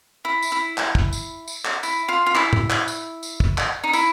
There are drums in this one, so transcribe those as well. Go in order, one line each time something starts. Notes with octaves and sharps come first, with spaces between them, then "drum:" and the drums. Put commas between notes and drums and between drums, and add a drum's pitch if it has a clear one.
E4
drum: tambourine
E4
drum: clap
drum: kick
drum: tambourine
drum: tambourine
drum: clap
E4, drum: tambourine
F4
F4
E4, drum: clap
drum: tom
drum: clap
drum: tambourine
drum: tambourine
drum: kick
drum: clap
D#4
E4, drum: tambourine